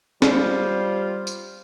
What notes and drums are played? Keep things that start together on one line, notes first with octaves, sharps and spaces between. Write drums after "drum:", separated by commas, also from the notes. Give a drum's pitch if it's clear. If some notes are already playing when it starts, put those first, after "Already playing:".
G3 F4 C5, drum: snare
drum: tambourine